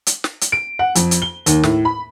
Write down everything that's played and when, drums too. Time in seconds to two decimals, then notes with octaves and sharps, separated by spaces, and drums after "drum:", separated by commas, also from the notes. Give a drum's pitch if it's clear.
0.07 drum: hi-hat
0.24 drum: snare
0.41 drum: hi-hat
0.52 D7
0.79 F#5
0.95 F2, drum: hi-hat
1.11 drum: hi-hat
1.22 G7
1.46 D#2, drum: hi-hat
1.63 A2, drum: snare
1.85 B5